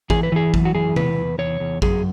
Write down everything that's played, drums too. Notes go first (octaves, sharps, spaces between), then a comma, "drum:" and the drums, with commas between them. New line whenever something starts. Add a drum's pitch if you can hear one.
E3 G#4, drum: kick A1
B4
E3 G#4
F#2, drum: kick A1
F#4
E3 G#4
E2 B4, drum: tom C3
E2
E2 C#5
E2
F#2 G#4, drum: kick A1